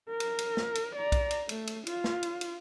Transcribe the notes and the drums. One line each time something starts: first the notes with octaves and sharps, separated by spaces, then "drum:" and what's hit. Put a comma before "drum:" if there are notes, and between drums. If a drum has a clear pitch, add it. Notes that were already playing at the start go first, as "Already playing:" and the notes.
A#4
drum: cymbal
drum: cymbal
drum: snare
drum: cymbal
D5 A#5
drum: kick B1, cymbal
drum: cymbal
A3, drum: cymbal
drum: cymbal
F4, drum: cymbal
drum: snare
drum: cymbal
drum: cymbal